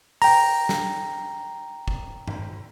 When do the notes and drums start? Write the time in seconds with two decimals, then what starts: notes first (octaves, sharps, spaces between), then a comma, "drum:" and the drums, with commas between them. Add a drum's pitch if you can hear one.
0.22 G5 A#5, drum: open hi-hat
0.69 drum: snare
1.88 drum: kick
2.28 drum: tom G2